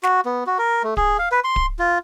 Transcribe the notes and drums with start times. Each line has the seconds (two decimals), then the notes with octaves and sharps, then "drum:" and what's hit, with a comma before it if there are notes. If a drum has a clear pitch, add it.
0.03 F#4, drum: snare
0.25 B3
0.47 F#4
0.59 A#4
0.83 A3
0.97 G#4, drum: kick D1
1.19 F5
1.32 B4
1.44 C6
1.56 drum: kick D1
1.79 F4